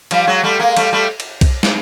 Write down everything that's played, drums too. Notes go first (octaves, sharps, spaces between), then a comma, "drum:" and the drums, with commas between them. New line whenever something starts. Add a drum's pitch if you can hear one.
F3 G3, drum: cymbal
F#3 G#3
G3 A3
G#3 A#3
G3 A3, drum: cymbal
G3 A3
drum: cymbal
drum: kick B1, cymbal
drum: snare